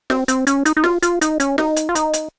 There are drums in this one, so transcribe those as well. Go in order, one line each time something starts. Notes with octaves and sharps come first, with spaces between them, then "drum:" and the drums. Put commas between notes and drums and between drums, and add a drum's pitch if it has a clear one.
C4, drum: snare
C4, drum: hi-hat
C#4, drum: hi-hat
D#4, drum: hi-hat
D#4
F4, drum: snare
F4, drum: hi-hat
D#4, drum: hi-hat
C#4, drum: hi-hat
D#4, drum: snare
drum: hi-hat
F4
D#4, drum: hi-hat
drum: hi-hat